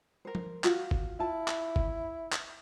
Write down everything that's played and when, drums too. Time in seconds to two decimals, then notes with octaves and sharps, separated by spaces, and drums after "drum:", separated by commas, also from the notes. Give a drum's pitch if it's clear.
0.25 A#4 C5
0.35 drum: tom F3
0.64 F4 F#4 F5, drum: clap
0.91 drum: kick G1
1.19 E4 F4 A5
1.48 drum: clap
1.76 drum: kick G1
2.32 drum: clap